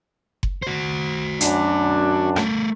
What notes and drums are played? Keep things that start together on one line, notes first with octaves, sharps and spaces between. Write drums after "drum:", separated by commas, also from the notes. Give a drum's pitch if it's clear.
drum: kick F#1
F#4 C5
F#2 D4, drum: hi-hat
A3 A#4, drum: rim click